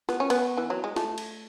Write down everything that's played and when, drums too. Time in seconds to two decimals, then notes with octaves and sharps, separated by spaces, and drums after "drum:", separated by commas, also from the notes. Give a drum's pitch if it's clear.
0.09 B3, drum: snare
0.20 C#4
0.30 B3, drum: cymbal
0.57 E3
0.70 F#3
0.84 G#3
0.96 A3, drum: snare
1.18 drum: cymbal